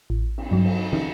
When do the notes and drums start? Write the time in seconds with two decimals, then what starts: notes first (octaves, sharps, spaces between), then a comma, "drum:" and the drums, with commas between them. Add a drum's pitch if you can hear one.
0.10 A1
0.38 drum: cymbal
0.51 G2 F#3
0.65 drum: cymbal
0.93 drum: tom